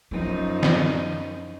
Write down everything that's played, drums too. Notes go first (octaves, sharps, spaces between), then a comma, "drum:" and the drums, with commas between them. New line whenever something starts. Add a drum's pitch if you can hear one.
F#2 F3 F#3 D#4
drum: snare